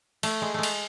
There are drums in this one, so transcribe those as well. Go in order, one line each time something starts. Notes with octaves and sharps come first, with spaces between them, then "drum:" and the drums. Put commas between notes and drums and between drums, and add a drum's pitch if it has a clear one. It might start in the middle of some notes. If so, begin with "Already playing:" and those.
A3, drum: cymbal
G#3
G#3 A3
drum: cymbal